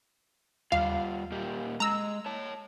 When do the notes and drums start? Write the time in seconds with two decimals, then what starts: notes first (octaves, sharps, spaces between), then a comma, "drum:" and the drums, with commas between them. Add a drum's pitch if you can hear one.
0.72 G3 F4 F5, drum: tom D#2
1.32 A#2 A#3 G4
1.80 G#3 A#5 E6
2.26 C#5 A5